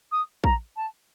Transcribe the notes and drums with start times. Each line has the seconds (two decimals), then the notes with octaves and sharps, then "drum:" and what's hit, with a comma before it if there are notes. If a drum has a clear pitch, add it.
0.11 D#6
0.44 A#5, drum: kick
0.76 A5